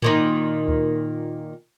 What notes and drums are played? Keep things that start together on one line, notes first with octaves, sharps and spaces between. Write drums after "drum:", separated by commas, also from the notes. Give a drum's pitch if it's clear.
A#2 D#3 D#4, drum: tom G#2
drum: kick D2